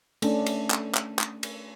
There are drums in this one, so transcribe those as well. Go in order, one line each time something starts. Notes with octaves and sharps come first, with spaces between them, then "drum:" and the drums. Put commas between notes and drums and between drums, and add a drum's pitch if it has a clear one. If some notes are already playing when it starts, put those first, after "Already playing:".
A3 C#4 D4, drum: cymbal
drum: cymbal
drum: clap
drum: clap
drum: clap
drum: cymbal